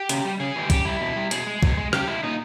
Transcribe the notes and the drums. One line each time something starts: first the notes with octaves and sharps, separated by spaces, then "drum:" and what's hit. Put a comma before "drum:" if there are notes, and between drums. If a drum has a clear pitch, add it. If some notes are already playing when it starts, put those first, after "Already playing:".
Already playing: G4
C#3, drum: hi-hat
G3
C#3 G#4
E3 G3
C#3 G4, drum: kick, hi-hat
G3 E4
B2
G3
B2 G#4, drum: hi-hat
G#3
B2, drum: kick
G#3
C#3 G4, drum: rim click
G#3 E4
A#2 D#4